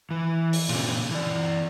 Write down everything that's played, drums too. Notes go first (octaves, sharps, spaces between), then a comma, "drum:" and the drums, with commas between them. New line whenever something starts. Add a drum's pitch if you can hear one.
E3
drum: open hi-hat
A#2 C#3, drum: cymbal
E3 D5